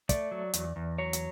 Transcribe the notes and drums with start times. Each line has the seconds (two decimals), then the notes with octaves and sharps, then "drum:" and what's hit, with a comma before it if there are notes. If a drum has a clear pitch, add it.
0.09 A3 D5, drum: kick, hi-hat
0.32 F#3
0.53 E2, drum: hi-hat
0.76 E2
0.98 F#3 C#5
1.13 drum: hi-hat